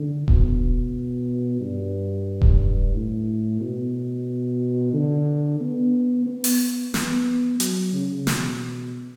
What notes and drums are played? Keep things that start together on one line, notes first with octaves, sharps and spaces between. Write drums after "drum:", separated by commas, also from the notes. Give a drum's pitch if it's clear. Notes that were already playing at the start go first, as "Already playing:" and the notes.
Already playing: D3
B2, drum: kick D#1
G2
drum: kick D#1
A2
B2
D3
B3
B3
drum: open hi-hat
B3, drum: snare
F#3, drum: hi-hat
C#3
B2, drum: snare